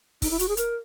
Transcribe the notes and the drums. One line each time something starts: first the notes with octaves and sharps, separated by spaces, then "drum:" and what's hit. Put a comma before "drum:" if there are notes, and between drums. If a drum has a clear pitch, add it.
D#4, drum: kick, open hi-hat
E4
F#4, drum: hi-hat
G#4
A#4, drum: hi-hat